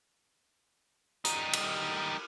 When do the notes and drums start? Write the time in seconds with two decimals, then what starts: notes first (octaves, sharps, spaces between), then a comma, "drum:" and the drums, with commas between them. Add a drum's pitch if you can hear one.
1.25 G3 D#4, drum: hi-hat
1.53 drum: cymbal